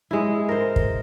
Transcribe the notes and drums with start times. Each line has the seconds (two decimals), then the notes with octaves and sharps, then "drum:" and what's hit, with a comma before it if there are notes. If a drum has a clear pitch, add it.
0.11 G#3 E4
0.49 A#4 C5
0.76 drum: kick